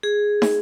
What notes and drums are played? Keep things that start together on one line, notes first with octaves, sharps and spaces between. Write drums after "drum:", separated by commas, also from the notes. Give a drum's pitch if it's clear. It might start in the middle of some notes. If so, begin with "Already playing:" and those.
G#4
drum: snare